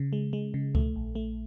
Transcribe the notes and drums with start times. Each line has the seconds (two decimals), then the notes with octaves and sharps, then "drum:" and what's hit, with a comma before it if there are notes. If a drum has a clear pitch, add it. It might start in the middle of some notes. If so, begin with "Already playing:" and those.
Already playing: C#3
0.13 G#3
0.33 G#3
0.54 C#3
0.75 A3, drum: kick C#2
0.96 A#1
1.15 A3